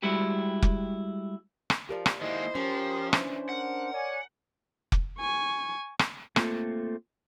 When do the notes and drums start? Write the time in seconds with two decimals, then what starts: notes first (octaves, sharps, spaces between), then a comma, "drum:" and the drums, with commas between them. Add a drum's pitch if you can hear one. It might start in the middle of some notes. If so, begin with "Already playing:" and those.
0.02 G3 G#3 E4 F#4 G4
0.62 drum: kick F1
1.70 drum: rim click
1.89 F3 G4 A#4 D5
2.06 drum: rim click
2.21 D#3 G#3 A#3 E4 C5 D#5
2.55 F3 C#4 G4 A#4
3.13 E3 D4 C5, drum: rim click
3.49 A#4 F#5
3.92 C#5 D5 G#5
4.92 drum: kick F1
5.19 G#5 C#6
5.99 drum: rim click
6.36 A3 A#3 C4 F4 A4, drum: rim click